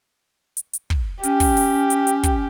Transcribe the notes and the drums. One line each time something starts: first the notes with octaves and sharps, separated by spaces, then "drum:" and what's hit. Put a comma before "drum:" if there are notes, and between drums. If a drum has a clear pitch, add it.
drum: hi-hat
drum: hi-hat
drum: kick
C#4 G4, drum: hi-hat
drum: kick, open hi-hat
drum: open hi-hat
drum: hi-hat
drum: hi-hat
drum: kick, hi-hat